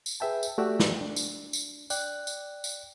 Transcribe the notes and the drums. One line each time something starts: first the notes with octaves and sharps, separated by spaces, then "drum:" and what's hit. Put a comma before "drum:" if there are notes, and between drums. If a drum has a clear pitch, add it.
drum: tambourine
G#4 B4 E5 G5 A5
drum: tambourine
A3 F#4 G4 D5 E6
drum: snare
D4
drum: tambourine
drum: tambourine
D5 G5 F#6, drum: tambourine
drum: tambourine
drum: tambourine